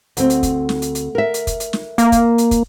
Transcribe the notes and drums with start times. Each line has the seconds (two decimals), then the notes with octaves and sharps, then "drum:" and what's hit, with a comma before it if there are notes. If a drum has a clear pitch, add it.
0.17 D2 C4, drum: hi-hat
0.30 drum: hi-hat
0.43 drum: kick, hi-hat
0.69 drum: snare
0.82 drum: hi-hat
0.95 drum: hi-hat
1.15 A#4 E5
1.34 drum: hi-hat
1.47 drum: kick, hi-hat
1.60 drum: hi-hat
1.73 drum: snare
1.98 A#3, drum: hi-hat
2.12 drum: kick, hi-hat
2.38 drum: hi-hat
2.51 drum: kick, hi-hat